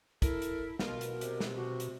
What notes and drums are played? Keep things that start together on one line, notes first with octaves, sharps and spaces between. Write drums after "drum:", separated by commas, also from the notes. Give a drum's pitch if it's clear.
E4 A4 A#4, drum: kick, hi-hat
drum: hi-hat
B2 F4 A#4, drum: snare
drum: hi-hat
C3, drum: hi-hat
drum: snare
F#4
drum: hi-hat